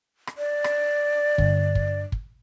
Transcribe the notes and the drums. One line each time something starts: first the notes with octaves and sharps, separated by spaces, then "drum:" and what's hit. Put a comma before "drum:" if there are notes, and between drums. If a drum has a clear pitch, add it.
drum: rim click
D5
drum: rim click
G2 D3, drum: kick
drum: kick
drum: kick